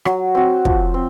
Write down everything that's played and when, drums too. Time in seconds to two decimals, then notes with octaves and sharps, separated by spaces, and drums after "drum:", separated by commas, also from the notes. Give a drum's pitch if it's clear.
0.05 F#3, drum: rim click
0.35 C4 F#4
0.65 F3, drum: kick
0.94 C4